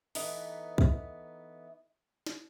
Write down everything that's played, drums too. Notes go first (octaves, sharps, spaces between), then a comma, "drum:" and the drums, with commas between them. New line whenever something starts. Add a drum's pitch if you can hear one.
E3 A3 B3 D#4, drum: open hi-hat
drum: kick
drum: snare